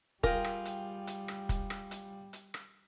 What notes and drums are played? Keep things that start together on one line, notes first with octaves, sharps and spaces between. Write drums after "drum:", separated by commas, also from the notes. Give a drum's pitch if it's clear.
G3 F4 G#4 A#4 G5, drum: kick
drum: rim click
drum: hi-hat
drum: hi-hat
drum: rim click
drum: kick, hi-hat
drum: rim click
drum: hi-hat
drum: hi-hat
drum: rim click